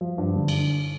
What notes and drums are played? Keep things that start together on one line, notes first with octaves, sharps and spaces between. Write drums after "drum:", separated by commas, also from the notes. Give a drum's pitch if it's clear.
F3
G2
D3
drum: cymbal